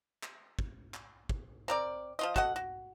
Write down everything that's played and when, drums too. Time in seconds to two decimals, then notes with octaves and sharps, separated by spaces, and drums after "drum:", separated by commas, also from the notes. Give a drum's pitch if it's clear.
0.23 drum: clap
0.59 drum: kick
0.94 drum: clap
1.29 drum: kick
1.68 C4 A#4 D5
2.19 F3 F4 D#5
2.36 F#4 A4 D#5 F#5, drum: kick
2.56 F#4